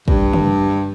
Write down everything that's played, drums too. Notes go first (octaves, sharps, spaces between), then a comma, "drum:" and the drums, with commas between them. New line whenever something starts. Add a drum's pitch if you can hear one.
G2, drum: kick
drum: tom